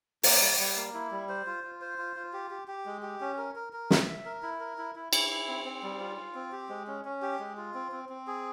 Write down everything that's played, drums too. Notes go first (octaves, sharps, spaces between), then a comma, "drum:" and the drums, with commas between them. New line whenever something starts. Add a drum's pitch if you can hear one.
A#3, drum: open hi-hat
G3
G3
A#3
E4
G3
C5
F4
F4
C5
F4
F4
G4
G4
G4
G#3
G4
C#4
A#4
A#4
A#4
E5, drum: snare
E5
A#4
E4
A#4
E4
E4
E4, drum: cymbal
E4
C4
C4
G3
F4
F4
C4
G4
G#3
C#4
C#4
G4
G#3
F4
C4
C4
C4
G#4